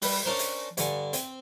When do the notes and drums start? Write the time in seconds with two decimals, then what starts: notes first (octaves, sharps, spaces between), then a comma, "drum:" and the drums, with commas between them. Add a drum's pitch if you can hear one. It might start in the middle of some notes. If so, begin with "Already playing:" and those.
0.02 G3 B4, drum: open hi-hat
0.25 C#4 D4 A#4 C5
0.39 drum: hi-hat
0.77 G2 D3 G#5, drum: hi-hat
1.13 C4, drum: hi-hat